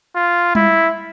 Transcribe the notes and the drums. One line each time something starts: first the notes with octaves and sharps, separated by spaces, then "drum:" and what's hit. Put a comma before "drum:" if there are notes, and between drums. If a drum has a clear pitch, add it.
F4
E4, drum: tom G3